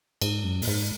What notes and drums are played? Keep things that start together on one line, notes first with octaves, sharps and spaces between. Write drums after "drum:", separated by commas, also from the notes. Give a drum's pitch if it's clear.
G#2, drum: cymbal
F#2
A#2, drum: open hi-hat
G#2